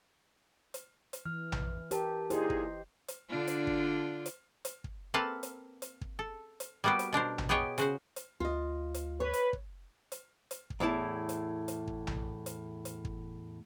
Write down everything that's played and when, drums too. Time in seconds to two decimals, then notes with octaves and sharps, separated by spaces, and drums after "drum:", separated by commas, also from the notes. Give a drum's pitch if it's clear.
0.74 drum: hi-hat
1.13 drum: hi-hat
1.26 E3 F6
1.52 drum: tom A#1
1.91 G4 A#4 A5, drum: hi-hat
2.30 A#2 D#4 E4 G4 G#4 C5 D#5, drum: hi-hat
2.50 drum: kick
3.08 drum: hi-hat
3.29 D3 D4 F4
3.47 drum: hi-hat
3.67 drum: kick
4.26 drum: hi-hat
4.65 drum: hi-hat
4.84 drum: kick
5.14 A#3 C4 A4 B4 F5 A5
5.43 drum: hi-hat
5.82 drum: hi-hat
6.01 drum: kick
6.19 A4
6.60 drum: hi-hat
6.84 G3 A#3 B3 F#4 G4
6.99 drum: hi-hat
7.13 B2 D4 A#4 C5
7.38 drum: tom A#1
7.49 B3 G4 G#4 C#5 D#5 G5
7.78 C#3 F#4 C5, drum: hi-hat
8.16 drum: hi-hat
8.40 D2 F4 D#5
8.94 drum: hi-hat
9.20 B4 C#5
9.33 drum: hi-hat
9.53 drum: kick
10.12 drum: hi-hat
10.51 drum: hi-hat
10.70 drum: kick
10.80 E2 A2 E4 A5
11.29 drum: hi-hat
11.68 drum: hi-hat
11.87 drum: kick
12.07 drum: tom A#1
12.46 drum: hi-hat
12.85 drum: hi-hat
13.05 drum: kick